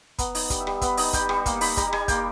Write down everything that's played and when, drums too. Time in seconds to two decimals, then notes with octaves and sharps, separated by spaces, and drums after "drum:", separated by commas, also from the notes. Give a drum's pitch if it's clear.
0.19 B3 A#5, drum: kick, hi-hat
0.35 D#4, drum: open hi-hat
0.50 G3, drum: kick, hi-hat
0.61 E5
0.67 G3, drum: rim click
0.81 B3 E5, drum: kick, hi-hat
0.97 D#4 D#5, drum: open hi-hat
1.13 G3 G5, drum: kick, hi-hat
1.29 G3 C#6, drum: rim click
1.46 A#3, drum: kick, hi-hat
1.61 D#4 B5, drum: open hi-hat
1.77 G3 A#5, drum: kick, hi-hat
1.93 G3 G#5, drum: rim click
2.08 A#3 G5, drum: kick, hi-hat